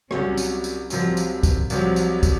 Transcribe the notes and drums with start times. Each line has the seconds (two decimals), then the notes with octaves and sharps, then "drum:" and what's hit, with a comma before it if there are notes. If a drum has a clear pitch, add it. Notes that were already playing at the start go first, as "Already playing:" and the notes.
0.11 C2 C3 F#3 C#4, drum: rim click
0.38 drum: tambourine
0.64 drum: tambourine
0.90 C2 C3 F3 F#3, drum: tambourine
1.17 drum: tambourine
1.43 drum: kick, tambourine
1.70 C2 C3 F3 F#3, drum: tambourine
1.96 drum: tambourine
2.23 drum: kick, tambourine